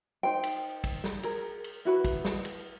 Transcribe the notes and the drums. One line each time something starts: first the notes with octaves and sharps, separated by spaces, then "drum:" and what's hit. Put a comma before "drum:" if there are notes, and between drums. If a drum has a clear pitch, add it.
D#4 C5 G5
drum: cymbal
drum: kick, cymbal
drum: snare
G#4 A#4, drum: cymbal
drum: cymbal
E4 F#4 B4
drum: kick, cymbal
drum: snare
drum: cymbal